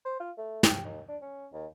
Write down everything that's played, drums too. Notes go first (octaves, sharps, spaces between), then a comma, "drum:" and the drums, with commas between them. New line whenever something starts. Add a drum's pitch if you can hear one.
C5
F4
A3
G4, drum: snare
D#2
D4
C#4
D#2